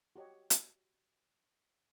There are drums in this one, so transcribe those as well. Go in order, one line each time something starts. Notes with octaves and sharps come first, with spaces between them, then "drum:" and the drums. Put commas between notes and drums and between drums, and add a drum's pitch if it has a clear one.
F#4 G4 C#5 D#5
drum: hi-hat